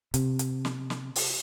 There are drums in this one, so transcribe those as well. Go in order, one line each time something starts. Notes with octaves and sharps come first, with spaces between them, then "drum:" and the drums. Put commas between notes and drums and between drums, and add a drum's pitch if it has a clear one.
C3, drum: hi-hat
drum: hi-hat
drum: snare
drum: snare
drum: open hi-hat